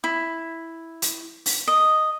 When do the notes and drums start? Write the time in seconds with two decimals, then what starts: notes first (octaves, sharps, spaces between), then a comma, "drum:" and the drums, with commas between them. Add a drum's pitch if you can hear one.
0.04 E4
1.02 drum: hi-hat
1.46 drum: open hi-hat
1.68 D#5